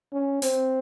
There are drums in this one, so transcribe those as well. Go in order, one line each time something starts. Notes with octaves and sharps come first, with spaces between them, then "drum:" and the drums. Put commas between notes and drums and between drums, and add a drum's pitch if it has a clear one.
C#4
C4, drum: open hi-hat